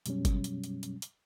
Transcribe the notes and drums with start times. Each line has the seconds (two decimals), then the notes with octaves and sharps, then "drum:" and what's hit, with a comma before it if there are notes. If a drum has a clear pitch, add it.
0.06 F#2 B2 F#3 G3 C#4, drum: hi-hat
0.25 drum: kick G1, hi-hat
0.44 drum: hi-hat
0.64 drum: hi-hat
0.83 drum: hi-hat
1.02 drum: hi-hat